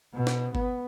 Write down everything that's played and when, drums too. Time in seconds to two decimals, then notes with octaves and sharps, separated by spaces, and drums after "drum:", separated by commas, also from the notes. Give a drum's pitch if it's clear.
0.14 B2
0.27 drum: snare
0.55 B3, drum: kick G1